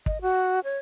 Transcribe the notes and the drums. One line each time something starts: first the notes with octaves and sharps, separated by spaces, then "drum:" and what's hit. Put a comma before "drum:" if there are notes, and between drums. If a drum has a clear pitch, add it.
D#5, drum: kick
F#4
C#5